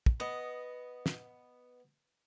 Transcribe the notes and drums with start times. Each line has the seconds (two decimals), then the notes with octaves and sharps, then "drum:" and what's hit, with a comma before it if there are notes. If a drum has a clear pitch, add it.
0.06 drum: kick
0.20 B3 D#5
1.06 drum: snare